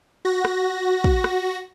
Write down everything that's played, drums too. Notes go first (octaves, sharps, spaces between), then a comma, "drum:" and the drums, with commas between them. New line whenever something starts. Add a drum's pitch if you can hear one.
F#4 A#6
drum: rim click
drum: kick
drum: rim click